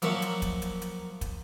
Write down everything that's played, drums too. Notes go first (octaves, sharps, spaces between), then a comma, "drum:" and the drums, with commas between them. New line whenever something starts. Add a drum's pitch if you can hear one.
F3 F#3 A#3 E5 C#6, drum: hi-hat
drum: hi-hat
drum: kick, hi-hat
drum: hi-hat
drum: hi-hat
drum: kick, hi-hat